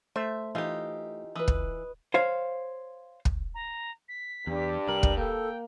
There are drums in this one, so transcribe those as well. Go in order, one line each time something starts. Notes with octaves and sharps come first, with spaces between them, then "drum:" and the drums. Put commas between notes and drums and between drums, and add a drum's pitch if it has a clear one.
A3 C5 E5
E3 D#4 F4 G4
E3 B4 D#6
drum: kick
C5 C#5 F5
drum: kick
A#5
B6
E2 G2 D4 G4
C2 G3 A#4 F#7
drum: kick
A#3 A4 G5